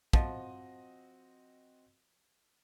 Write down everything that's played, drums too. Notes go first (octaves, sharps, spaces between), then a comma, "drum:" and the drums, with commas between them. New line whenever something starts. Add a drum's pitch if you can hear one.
F3 C4 F#4 D#5, drum: kick